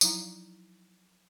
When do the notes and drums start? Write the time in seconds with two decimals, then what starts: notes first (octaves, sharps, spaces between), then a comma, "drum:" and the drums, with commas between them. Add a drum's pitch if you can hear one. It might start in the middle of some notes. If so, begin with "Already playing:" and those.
0.01 F3 F#3 D#4 E4 F5 A#5, drum: tambourine